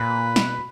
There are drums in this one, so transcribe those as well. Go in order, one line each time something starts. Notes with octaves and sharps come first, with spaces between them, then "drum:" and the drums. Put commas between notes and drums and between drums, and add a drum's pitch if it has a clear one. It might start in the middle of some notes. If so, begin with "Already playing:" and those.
Already playing: A#2 B4
B2, drum: snare